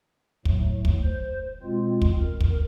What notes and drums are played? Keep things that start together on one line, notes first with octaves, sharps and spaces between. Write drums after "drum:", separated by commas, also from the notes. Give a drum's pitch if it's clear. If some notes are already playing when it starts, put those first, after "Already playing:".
A2 F#3 A3, drum: kick
drum: kick
C5
B2 G#3 C4 F4
drum: kick
A#4
drum: kick